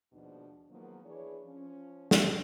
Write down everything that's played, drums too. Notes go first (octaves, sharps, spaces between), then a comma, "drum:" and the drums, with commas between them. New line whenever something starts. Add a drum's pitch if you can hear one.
D#2 G#2 B2 F3 D4
D#3 F3 F#3 G#3 A#3 B3
E3 D4 G#4 B4 C#5
F3 C#4
D3, drum: snare